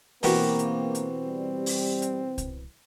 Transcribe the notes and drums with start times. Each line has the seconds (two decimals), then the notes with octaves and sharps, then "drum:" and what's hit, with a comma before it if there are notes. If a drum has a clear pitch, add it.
0.23 B2 E3 A#3 C4 F#4 G4 A#4, drum: open hi-hat
0.59 drum: hi-hat
0.95 drum: hi-hat
1.26 G3
1.66 drum: open hi-hat
2.02 drum: hi-hat
2.38 drum: kick C2, hi-hat